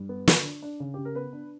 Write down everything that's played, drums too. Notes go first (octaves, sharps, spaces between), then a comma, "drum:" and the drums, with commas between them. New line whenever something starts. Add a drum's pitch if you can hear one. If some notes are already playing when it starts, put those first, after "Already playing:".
Already playing: G2
B3
D3, drum: snare
D4
D4
C#3
C#3 G4
A#4
B3 B4
D4